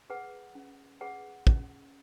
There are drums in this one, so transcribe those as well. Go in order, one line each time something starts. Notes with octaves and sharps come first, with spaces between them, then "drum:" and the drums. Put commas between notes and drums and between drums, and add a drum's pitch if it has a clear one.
G#4 B4 F#5
C#4
G#4 B4 F#5
C#4, drum: kick